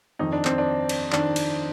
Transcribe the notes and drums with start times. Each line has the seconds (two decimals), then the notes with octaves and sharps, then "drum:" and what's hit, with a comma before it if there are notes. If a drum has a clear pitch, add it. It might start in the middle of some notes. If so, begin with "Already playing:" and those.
0.19 F2 D#3 D#4
0.32 D4
0.45 C4, drum: clap
0.58 D4
0.89 drum: cymbal
1.13 D#3 D4, drum: clap
1.36 drum: cymbal